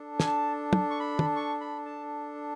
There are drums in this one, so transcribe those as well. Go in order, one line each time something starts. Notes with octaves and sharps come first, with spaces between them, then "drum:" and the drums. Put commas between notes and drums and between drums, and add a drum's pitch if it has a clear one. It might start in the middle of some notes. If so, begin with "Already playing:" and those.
Already playing: D4 A4
G#5, drum: snare
A5
drum: tom
C#6
B5
drum: tom
C#6
B5
A5